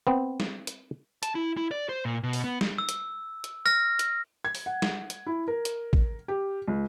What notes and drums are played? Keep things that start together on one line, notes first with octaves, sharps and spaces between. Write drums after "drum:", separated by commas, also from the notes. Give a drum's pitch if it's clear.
B3 C4
drum: snare
drum: hi-hat
A5, drum: hi-hat
E4
E4
D5
C5
A#2
B2
drum: open hi-hat
B3
drum: snare
E6
drum: hi-hat
drum: hi-hat
F6 A#6
drum: hi-hat
G#6
drum: open hi-hat
F#5
drum: snare
drum: hi-hat
E4
A#4
drum: hi-hat
drum: kick A1
G4
C#2